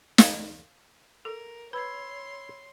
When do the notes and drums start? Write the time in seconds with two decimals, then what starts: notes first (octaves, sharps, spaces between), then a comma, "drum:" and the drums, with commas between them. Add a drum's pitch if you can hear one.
0.18 F5, drum: snare
1.25 A4 A#4
1.73 B4 C#5 B5 C6 E6 G#6